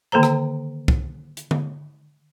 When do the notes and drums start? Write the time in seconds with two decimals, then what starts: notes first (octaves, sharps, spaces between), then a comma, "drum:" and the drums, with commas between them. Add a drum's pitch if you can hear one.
0.12 D3 D#3 A#3 A4 C5 A#5
0.23 drum: rim click
0.88 drum: kick C2
1.37 drum: hi-hat
1.51 drum: tom D3